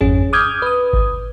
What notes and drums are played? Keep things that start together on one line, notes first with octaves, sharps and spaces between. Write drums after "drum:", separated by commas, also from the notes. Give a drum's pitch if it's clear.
G#1 F2 C#4 G#4
D6 D#6 F6 G6 G#6
B4 D#6
drum: kick G#1